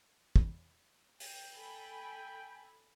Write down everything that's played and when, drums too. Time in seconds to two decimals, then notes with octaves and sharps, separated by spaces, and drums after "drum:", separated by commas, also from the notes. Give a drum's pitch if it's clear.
0.36 drum: kick
1.20 G5, drum: open hi-hat
1.55 A4 G#5 B5